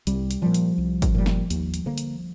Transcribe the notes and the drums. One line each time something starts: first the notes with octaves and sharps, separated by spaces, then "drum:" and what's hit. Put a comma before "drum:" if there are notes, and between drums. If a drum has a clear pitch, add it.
C2 G3, drum: hi-hat
drum: hi-hat
A#2 F3 G3
drum: hi-hat
C2
drum: kick, hi-hat
A#2 G3
drum: snare
D#2, drum: hi-hat
drum: hi-hat
D3 F3 A#3
drum: hi-hat